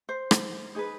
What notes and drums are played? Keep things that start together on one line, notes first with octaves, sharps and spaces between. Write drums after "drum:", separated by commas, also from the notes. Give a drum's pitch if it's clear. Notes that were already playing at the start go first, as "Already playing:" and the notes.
C5
drum: rim click
D#4 G#4 B4